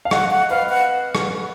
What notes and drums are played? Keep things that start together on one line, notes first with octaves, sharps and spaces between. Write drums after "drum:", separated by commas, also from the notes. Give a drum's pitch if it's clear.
F5
D#5 F#5, drum: rim click
F#5
B4 F5
F#5
drum: rim click